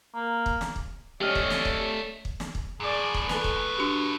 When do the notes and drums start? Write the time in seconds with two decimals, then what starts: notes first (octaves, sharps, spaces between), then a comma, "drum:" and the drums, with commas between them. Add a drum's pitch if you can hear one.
0.14 A#3
0.46 drum: kick
0.61 drum: snare
0.76 drum: kick
1.21 A3 C#4 G4 D5 D#5 F6
1.35 drum: kick
1.50 drum: snare
1.65 drum: kick
2.25 drum: kick
2.40 drum: snare
2.55 drum: kick
2.80 F#2 A2 G#4 D5
3.14 drum: kick
3.29 A4 B4 G#5, drum: snare
3.44 drum: kick
3.78 D4 F#4 G4